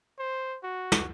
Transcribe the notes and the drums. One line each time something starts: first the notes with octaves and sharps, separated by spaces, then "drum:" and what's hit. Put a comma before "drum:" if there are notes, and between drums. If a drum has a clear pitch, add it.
C5
F#4
drum: snare